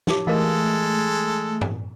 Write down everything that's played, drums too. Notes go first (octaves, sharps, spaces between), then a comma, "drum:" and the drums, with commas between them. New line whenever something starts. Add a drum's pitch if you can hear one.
D#4 G4 C#5 D6, drum: snare
E3 G#3 A3 A4 A#4 D#5 F5
drum: tom G2